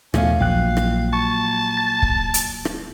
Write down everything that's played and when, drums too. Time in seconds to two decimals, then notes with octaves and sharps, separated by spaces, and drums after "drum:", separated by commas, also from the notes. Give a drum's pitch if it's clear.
0.14 D#2 A#2 F3 A3 B3 C#4 F5, drum: rim click
0.40 A#1 A#2 F3 F#3 F5 G5 F#6
0.77 drum: rim click
1.13 A5 C#6
1.77 A6
2.02 drum: kick
2.34 drum: hi-hat
2.65 drum: rim click